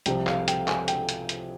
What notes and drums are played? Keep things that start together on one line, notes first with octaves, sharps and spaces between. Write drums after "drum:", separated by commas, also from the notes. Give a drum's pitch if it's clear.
C2 C3 F3 G5, drum: hi-hat
F5, drum: clap
G5, drum: hi-hat
G#5, drum: clap
G5, drum: hi-hat
drum: hi-hat
drum: hi-hat